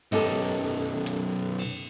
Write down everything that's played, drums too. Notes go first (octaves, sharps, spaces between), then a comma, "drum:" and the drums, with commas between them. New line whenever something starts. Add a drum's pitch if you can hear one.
B1 F#2 D#4 G4 A4
drum: hi-hat
drum: cymbal